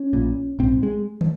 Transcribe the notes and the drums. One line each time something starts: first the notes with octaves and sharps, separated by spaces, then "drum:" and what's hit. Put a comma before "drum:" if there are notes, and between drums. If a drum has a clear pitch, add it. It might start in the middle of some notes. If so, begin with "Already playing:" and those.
Already playing: C#4
A#1 A#2
A#1 G#2 C4
G#3
drum: tom